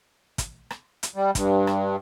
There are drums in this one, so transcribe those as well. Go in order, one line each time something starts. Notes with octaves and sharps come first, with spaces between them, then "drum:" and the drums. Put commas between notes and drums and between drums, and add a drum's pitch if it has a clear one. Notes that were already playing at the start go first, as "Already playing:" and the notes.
drum: kick, hi-hat
drum: rim click
drum: hi-hat
G3
G2, drum: kick, hi-hat
drum: rim click